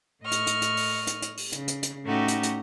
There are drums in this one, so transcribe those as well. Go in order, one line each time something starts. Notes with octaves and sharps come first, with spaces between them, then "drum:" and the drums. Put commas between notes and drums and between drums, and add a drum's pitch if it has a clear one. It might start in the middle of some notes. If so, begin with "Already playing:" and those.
A2 D#5 C#6 F6
drum: hi-hat
drum: hi-hat
drum: hi-hat
drum: open hi-hat
drum: hi-hat
drum: hi-hat
drum: open hi-hat
C#3, drum: hi-hat
drum: hi-hat
drum: hi-hat
A2 A3 C#4 D#4 F#4 G4
drum: hi-hat
drum: hi-hat